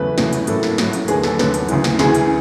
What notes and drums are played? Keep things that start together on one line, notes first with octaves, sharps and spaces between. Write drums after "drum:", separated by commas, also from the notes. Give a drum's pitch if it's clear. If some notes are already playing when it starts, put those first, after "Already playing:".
Already playing: E2 C#3 F#3 A3 B4
E2 C#3 F#3 A3, drum: snare
drum: hi-hat
A2 F#3 A#3 A4, drum: hi-hat
drum: snare
A2 F#3 A#3, drum: snare
drum: hi-hat
D#2 D3 F#3 B3 G#4, drum: hi-hat
A4, drum: snare
D#2 D3 F#3 B3, drum: snare
drum: hi-hat
D2 C#3 E3, drum: hi-hat
drum: snare
D2 C#3 E3 G#4, drum: snare
drum: hi-hat